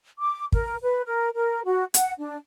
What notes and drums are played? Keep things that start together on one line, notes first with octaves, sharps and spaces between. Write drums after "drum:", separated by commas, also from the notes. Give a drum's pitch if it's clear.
D6
A#4, drum: kick
B4
A#4
A#4
F#4
F#5, drum: hi-hat
D4